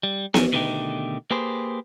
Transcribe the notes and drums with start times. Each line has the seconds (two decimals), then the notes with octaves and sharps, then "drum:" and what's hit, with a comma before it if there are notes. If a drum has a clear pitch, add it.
0.03 G3
0.34 F2 E3 C#4, drum: snare B3
0.52 B2 D3 D#3 A3 D#4 G4
1.31 A#3 G4 G#4 B4 C5